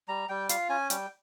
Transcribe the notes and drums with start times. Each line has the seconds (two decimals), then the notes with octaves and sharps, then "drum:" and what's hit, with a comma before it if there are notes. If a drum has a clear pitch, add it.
0.08 G3 A#5
0.29 G3 G5
0.49 F4 F5, drum: hi-hat
0.69 C#4 G#5
0.90 G3 G5, drum: hi-hat